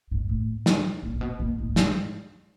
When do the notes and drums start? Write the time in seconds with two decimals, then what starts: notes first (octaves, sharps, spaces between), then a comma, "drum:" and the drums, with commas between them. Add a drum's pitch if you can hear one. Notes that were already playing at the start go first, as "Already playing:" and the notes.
0.11 G#2
0.29 A2
0.66 drum: snare
1.03 A#2
1.14 A#2
1.21 B2
1.39 A#2
1.59 A2
1.70 A2
1.76 G#2, drum: snare